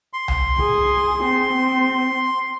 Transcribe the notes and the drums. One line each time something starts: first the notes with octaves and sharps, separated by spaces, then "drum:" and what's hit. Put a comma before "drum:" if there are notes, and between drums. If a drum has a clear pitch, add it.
C6
drum: tom C2
G#4, drum: kick
C4